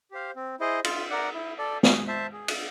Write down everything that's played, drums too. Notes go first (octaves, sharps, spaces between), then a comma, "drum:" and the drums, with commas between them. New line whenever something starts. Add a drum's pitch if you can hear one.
G4 C5 F5
C4
E4 G#4 C5 D#5
F4, drum: cymbal
A#4 D5 F#5
E4
A4 D5
G#4, drum: snare
C5 E5 A5
G#4
drum: cymbal